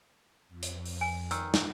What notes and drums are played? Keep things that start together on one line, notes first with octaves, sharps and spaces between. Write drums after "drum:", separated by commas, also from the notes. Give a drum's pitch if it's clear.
F2
drum: hi-hat
drum: open hi-hat
G#5
D#3 E6, drum: hi-hat
drum: snare